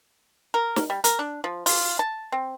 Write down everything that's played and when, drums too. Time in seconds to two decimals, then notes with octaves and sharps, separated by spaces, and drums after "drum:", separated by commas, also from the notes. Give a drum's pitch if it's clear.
0.54 A#4
0.76 drum: snare
0.90 G3
1.04 A#4, drum: hi-hat
1.19 D4
1.44 F3
1.66 F4, drum: open hi-hat
1.99 A5
2.32 C4